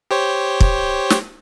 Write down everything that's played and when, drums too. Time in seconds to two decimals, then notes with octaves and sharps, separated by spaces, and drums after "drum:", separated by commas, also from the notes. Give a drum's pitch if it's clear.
0.11 G4 C5 C#5
0.60 drum: kick
1.10 drum: snare